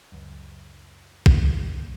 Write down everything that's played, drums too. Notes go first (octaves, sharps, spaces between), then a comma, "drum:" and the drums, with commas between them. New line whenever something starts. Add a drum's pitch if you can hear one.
C#2 F#2
drum: kick